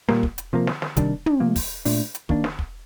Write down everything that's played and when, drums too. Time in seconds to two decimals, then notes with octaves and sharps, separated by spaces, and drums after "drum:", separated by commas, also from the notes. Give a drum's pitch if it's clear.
0.09 A#2 G3 A#3, drum: snare
0.23 drum: kick
0.38 drum: hi-hat
0.53 C3 F3 A#3
0.67 drum: snare
0.82 drum: snare
0.97 C3 D#3 G3 D4, drum: kick, hi-hat
1.26 drum: tom
1.40 C3 F3 A#3
1.56 drum: kick, open hi-hat
1.85 A#2 A3 D4, drum: open hi-hat
2.15 drum: hi-hat
2.29 D#3 A#3 D4, drum: kick
2.44 drum: snare
2.59 drum: kick